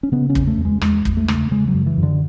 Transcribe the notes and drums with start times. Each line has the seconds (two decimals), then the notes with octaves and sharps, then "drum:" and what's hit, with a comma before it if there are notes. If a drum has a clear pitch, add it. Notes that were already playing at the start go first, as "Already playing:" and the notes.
0.03 C#4
0.12 C#3 B3
0.30 C#4
0.35 E2, drum: kick
0.47 A3
0.58 E2
0.65 G#3
0.81 E2 G#3, drum: rim click
1.05 E2, drum: kick
1.17 A3
1.28 C#3, drum: rim click
1.51 C#3 G#3
1.68 F#3
1.75 F#2
1.86 E3
1.98 F#2
2.03 D3